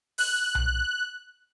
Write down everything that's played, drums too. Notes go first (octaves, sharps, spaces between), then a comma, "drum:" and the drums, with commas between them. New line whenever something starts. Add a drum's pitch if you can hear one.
F#6, drum: open hi-hat
drum: tom B1